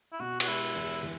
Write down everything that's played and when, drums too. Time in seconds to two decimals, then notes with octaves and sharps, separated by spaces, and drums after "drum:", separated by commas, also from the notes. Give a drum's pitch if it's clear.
0.12 E4
0.19 B2 F#4
0.40 F#4, drum: cymbal
0.47 G#3 E4
0.75 E2
1.03 E3